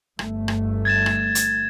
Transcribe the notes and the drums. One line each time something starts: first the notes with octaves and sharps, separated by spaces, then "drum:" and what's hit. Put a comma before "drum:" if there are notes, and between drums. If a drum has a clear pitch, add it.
G1 A3, drum: rim click
drum: rim click
G#6 A6 E7
drum: rim click
drum: hi-hat